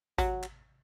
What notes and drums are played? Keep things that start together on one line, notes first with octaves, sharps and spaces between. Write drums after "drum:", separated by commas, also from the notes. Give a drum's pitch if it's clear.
F#3, drum: kick G#1, hi-hat
drum: clap